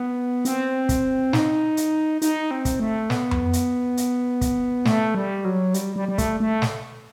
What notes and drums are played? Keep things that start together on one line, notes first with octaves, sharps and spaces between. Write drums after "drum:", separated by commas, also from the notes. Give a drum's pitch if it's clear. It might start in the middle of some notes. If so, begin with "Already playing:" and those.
Already playing: B3
C4, drum: hi-hat
drum: kick, hi-hat
D#4, drum: snare
drum: hi-hat
D#4, drum: hi-hat
C4
drum: kick, hi-hat
A3
B3, drum: snare
drum: tom F2
drum: hi-hat
drum: hi-hat
drum: kick, hi-hat
A3, drum: snare
G3
F#3
G3, drum: hi-hat
G3
G3
A3, drum: kick, hi-hat
A3
drum: snare